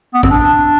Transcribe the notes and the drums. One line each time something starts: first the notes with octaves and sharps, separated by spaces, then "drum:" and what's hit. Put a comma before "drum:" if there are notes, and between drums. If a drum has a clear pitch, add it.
B3
C4, drum: kick G#1
D4